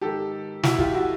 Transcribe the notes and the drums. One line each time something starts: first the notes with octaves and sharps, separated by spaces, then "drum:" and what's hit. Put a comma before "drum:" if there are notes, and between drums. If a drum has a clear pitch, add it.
G#2 D#3 G4 A4
E4 F#4, drum: snare
F4 G4, drum: kick
E4 F#4